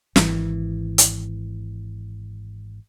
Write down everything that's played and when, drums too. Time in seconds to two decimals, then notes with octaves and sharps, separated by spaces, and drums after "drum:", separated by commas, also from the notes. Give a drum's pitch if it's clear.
0.16 G#1 E3, drum: snare
0.98 drum: hi-hat